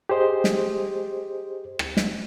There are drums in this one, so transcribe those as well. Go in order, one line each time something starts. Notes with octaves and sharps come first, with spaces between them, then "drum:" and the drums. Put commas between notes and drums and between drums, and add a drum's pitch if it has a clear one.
G4 G#4 C5 D#5
drum: snare
drum: rim click
drum: snare